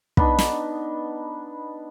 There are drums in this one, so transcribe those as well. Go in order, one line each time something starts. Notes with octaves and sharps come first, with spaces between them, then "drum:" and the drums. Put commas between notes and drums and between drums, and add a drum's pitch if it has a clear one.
B3 D4 D#4 B5, drum: kick
drum: snare